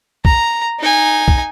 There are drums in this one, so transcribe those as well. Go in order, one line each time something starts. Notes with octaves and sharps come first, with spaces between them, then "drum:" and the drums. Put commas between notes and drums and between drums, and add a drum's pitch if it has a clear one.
A#5, drum: kick B1
D#4 G#5
drum: kick B1